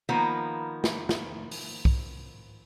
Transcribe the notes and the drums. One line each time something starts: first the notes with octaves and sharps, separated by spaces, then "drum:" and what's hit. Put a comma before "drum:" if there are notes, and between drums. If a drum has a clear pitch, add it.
D#3 F3 A#3 B3
drum: snare
drum: snare
drum: open hi-hat
drum: kick